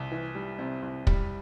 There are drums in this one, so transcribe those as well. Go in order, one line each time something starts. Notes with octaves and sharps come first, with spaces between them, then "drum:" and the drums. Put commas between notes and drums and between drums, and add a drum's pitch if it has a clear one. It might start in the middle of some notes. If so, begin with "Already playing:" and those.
Already playing: C2
E3
G3
C3
C2
G3, drum: kick